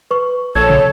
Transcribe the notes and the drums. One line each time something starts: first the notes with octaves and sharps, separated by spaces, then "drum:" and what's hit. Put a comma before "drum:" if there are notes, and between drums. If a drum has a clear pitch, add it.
B4 C#6
A#1 A4 C#5 G#6
drum: tom